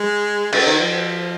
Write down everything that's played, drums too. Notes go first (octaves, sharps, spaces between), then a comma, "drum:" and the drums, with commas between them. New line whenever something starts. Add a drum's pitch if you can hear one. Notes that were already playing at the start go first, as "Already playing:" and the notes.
Already playing: G#3
C#3, drum: cymbal
D#3
F3